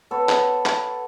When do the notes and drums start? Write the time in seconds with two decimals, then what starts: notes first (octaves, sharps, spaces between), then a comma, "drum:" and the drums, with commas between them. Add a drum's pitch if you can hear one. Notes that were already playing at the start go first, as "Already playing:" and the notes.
0.11 B3 A4 C#5
0.29 drum: clap
0.66 drum: clap